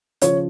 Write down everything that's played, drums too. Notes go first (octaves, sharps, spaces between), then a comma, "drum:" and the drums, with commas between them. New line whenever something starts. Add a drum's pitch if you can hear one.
C#3 F3 C#5, drum: hi-hat